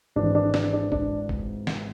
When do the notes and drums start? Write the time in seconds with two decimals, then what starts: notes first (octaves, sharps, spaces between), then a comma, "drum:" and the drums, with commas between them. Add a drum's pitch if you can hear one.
0.16 G#1 G#2 E3 G#3 D4
0.35 D4
0.54 D4, drum: snare
0.73 D4
0.92 D4, drum: kick
1.29 drum: kick
1.67 drum: snare